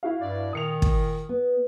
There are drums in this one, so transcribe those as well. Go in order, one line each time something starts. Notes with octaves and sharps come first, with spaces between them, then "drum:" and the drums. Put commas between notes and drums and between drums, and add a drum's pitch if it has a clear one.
E4 F#4 F5
G2 D5
A#2 D#3 D#6 C#7 F7
drum: kick
B3